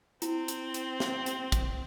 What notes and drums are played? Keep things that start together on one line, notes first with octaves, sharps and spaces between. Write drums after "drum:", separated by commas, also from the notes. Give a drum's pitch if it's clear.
C4 E4, drum: hi-hat
drum: hi-hat
drum: hi-hat
drum: snare
drum: hi-hat
drum: kick, hi-hat